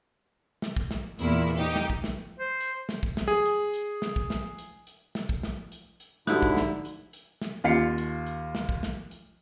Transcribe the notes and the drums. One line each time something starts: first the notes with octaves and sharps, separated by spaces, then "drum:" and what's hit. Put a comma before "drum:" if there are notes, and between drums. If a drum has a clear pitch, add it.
drum: snare
drum: kick
drum: snare
E2 A#2 A#3 E4, drum: hi-hat
drum: hi-hat
D#4 G4
drum: snare
drum: kick
drum: snare
C5
drum: hi-hat
drum: snare
drum: kick
drum: snare
G#4
drum: hi-hat
drum: hi-hat
drum: snare
drum: kick
drum: snare
drum: hi-hat
drum: hi-hat
drum: snare
drum: kick
drum: snare
drum: hi-hat
drum: hi-hat
G#2 D3 D#4 E4 F#4 G4, drum: snare
drum: kick
drum: snare
drum: hi-hat
drum: hi-hat
drum: snare
D#2 F4 F5 C7 C#7
drum: hi-hat
drum: hi-hat
drum: snare
drum: kick
drum: snare
drum: hi-hat